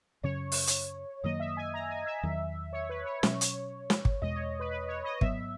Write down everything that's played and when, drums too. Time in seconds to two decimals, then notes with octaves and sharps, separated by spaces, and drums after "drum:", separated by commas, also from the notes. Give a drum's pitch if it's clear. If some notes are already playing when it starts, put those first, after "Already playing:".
0.23 F#2 C#3 F#3 C#4 C#5
0.52 drum: open hi-hat
0.67 drum: hi-hat
1.24 F#2 D#3 F#3 A#3 D#5
1.40 E5
1.57 G#5
1.74 A#5
1.90 G#5
2.06 E5
2.23 E2 D#3 F#3
2.73 C#5
2.89 B4
3.06 C#5
3.23 B2 F#3 C#4, drum: snare
3.41 drum: hi-hat
3.90 drum: snare
4.05 drum: kick
4.22 E2 B2 G#3 D#5
4.35 C#5
4.60 B4
4.71 B4
4.88 C#5
5.04 D#5
5.21 G#2 F#3 B3 E5, drum: kick